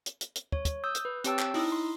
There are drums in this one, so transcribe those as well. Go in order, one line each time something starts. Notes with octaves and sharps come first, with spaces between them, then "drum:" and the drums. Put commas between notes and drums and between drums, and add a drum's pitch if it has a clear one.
drum: hi-hat
drum: hi-hat
drum: hi-hat
C#5, drum: kick
drum: kick, hi-hat
D#6 E6 G6
drum: hi-hat
B4
C4 G4 C#5 G5 A5 E6, drum: hi-hat
drum: clap
D#4 E4 D#6, drum: open hi-hat
C6